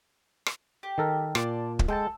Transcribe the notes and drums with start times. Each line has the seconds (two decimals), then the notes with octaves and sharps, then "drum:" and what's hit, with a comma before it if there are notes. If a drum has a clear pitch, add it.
0.46 drum: rim click
0.83 G4
0.98 D#3 A4 A#4
1.35 A#2 D5 A5 C6, drum: rim click
1.79 drum: kick
1.88 G#3 A4 G5 A5